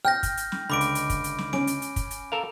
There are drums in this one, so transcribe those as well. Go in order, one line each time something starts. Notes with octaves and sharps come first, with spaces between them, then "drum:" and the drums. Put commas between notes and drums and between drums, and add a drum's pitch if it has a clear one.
G5 F6 G6 A#6
drum: kick, hi-hat
drum: hi-hat
drum: snare
C#2 D3 B5 D6 D7
drum: hi-hat
drum: hi-hat
drum: kick, hi-hat
drum: hi-hat
drum: snare
C#4 D7, drum: snare
drum: hi-hat
drum: hi-hat
drum: kick, hi-hat
drum: hi-hat
A4 A#4 F5